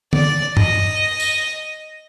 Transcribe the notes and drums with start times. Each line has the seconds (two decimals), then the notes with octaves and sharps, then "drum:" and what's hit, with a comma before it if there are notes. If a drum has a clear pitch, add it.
0.13 D5, drum: tom
0.57 D#5, drum: tom
1.20 drum: tambourine